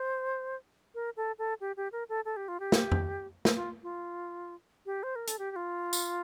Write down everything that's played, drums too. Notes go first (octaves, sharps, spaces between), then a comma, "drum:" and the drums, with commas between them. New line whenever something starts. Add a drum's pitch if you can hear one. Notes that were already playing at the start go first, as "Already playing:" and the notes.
Already playing: C5
A#4
A4
A4
G4
G4
A#4
A4
A4
G4
F4
G4
drum: snare
drum: tom F2
drum: snare
F4
F4
G4
C5
A#4
A4, drum: hi-hat
G4
G4
F4
drum: tambourine